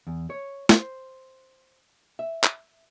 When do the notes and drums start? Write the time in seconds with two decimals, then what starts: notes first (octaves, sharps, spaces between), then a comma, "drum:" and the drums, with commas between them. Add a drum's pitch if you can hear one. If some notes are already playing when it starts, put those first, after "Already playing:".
0.07 E2
0.30 C#5
0.69 C5, drum: snare
2.19 E5
2.44 drum: clap